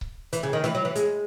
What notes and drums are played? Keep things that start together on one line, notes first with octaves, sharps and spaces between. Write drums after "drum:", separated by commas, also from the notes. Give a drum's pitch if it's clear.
drum: kick C#1
E3, drum: hi-hat
C#3
D#3
E3, drum: snare
F#3
E3
G#3, drum: hi-hat